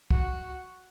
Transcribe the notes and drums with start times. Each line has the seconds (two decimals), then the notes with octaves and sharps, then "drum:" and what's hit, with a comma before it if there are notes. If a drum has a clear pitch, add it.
0.11 F#4, drum: kick